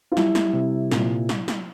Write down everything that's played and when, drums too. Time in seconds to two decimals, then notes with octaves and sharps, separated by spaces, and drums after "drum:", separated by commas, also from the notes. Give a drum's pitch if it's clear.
0.12 F4
0.17 G3 E4, drum: snare
0.35 drum: snare
0.53 C3
0.91 A#2, drum: snare
1.29 drum: snare
1.48 drum: snare